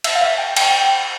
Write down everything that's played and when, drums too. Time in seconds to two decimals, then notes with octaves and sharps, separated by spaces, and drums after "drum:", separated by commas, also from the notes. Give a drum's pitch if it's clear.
0.04 E5, drum: cymbal
0.15 F5
0.21 E5
0.38 G5
0.57 G5, drum: cymbal
0.74 G5